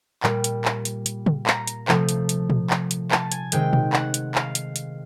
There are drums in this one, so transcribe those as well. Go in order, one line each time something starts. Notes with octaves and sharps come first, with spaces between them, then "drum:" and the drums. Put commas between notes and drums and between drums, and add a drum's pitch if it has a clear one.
A#2 G3, drum: clap
drum: hi-hat
drum: clap
drum: hi-hat
drum: hi-hat
drum: tom
A#5, drum: clap
drum: hi-hat
C3 F3 A3, drum: clap
drum: hi-hat
drum: hi-hat
drum: tom A#2
drum: clap
drum: hi-hat
A5, drum: clap
G#5, drum: hi-hat
C3 D#3 G#3 G5, drum: hi-hat
drum: tom A#2
F#5, drum: clap
drum: hi-hat
F5, drum: clap
drum: hi-hat
drum: hi-hat